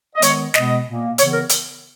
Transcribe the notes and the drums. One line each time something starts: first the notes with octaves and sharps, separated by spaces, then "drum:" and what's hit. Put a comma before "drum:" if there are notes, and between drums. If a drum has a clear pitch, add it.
D#5
D#3 G#3 B3 C#5, drum: hi-hat
B2 G#3 B3 D#5, drum: snare
A#2 A#3
C#3 E3 B3 C#5, drum: hi-hat
A#4
drum: hi-hat